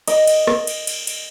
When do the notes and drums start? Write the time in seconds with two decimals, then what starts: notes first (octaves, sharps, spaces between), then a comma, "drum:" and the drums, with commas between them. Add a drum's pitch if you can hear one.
0.08 D#5, drum: cymbal
0.27 drum: cymbal
0.47 drum: rim click
0.67 drum: cymbal
0.87 drum: cymbal
1.07 drum: cymbal